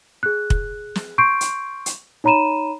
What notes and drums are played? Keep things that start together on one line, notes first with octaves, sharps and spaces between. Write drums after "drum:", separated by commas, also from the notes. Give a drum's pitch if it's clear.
G#4 F#6
drum: kick
drum: snare
C6 C#6 G6 C7 D7
drum: hi-hat
drum: hi-hat
D#4 C#5 A#5 B5 D#7 E7